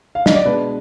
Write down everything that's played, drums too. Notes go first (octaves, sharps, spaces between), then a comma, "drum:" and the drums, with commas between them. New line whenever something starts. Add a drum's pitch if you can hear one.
F5
D#5, drum: snare
D5
B2 G#3 D4 B4